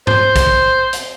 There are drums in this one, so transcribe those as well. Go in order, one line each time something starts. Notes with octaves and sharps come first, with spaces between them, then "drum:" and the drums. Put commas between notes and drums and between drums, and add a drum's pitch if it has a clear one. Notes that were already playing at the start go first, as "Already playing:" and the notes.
C5, drum: tom G#2
drum: kick, hi-hat
drum: hi-hat